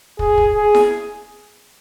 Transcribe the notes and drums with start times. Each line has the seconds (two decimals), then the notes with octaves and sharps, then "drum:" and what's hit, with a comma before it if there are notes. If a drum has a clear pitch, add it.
0.19 G#4, drum: kick
0.38 drum: kick
0.56 G#4
0.75 drum: snare E4